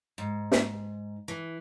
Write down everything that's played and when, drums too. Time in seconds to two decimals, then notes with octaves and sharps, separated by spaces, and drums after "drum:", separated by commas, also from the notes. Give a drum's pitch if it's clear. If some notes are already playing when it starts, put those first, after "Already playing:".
0.18 G#2
0.52 drum: snare
1.28 E3